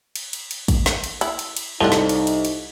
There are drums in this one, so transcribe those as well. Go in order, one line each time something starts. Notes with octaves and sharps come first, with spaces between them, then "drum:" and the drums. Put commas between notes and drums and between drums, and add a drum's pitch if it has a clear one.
drum: cymbal
drum: cymbal
drum: cymbal
drum: kick, cymbal
drum: snare
drum: cymbal
E4, drum: cymbal
drum: cymbal
drum: cymbal
C2 F3 D4 D#4 A4 C5 D#5 G7
drum: snare
drum: cymbal
drum: cymbal
drum: cymbal